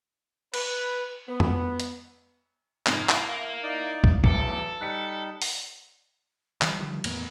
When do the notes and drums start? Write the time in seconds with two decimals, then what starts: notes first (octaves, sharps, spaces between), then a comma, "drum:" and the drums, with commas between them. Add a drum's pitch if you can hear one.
0.54 B4, drum: cymbal
1.29 B3
1.40 drum: tom F2
1.80 drum: hi-hat
2.87 F2 G#2 C3 A#3, drum: clap
3.09 E4 F5, drum: clap
3.63 D#4 D5
4.04 drum: kick
4.24 B1 E2 A2 A4 D6 C#7, drum: kick
4.81 G3 D#4 F#6 B6 C#7
5.42 drum: open hi-hat
6.62 D#3 E3 G3, drum: clap
6.79 D3 D#3 F3 G3
7.04 E2 A2 A#3 B3, drum: cymbal